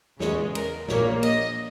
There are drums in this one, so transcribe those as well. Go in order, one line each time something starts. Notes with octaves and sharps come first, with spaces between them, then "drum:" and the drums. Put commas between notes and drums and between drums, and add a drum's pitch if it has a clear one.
E2 C#3 G#3 C#5, drum: snare
A#4, drum: cymbal
A#1 A#2 A#3 C#5, drum: snare
D#5, drum: cymbal